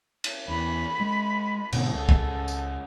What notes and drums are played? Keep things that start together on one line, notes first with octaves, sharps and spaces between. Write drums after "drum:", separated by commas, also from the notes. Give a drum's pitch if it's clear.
drum: cymbal
E2 B5
G#3
G#2 B2 D3, drum: cymbal
C#2 A4
drum: kick
drum: tambourine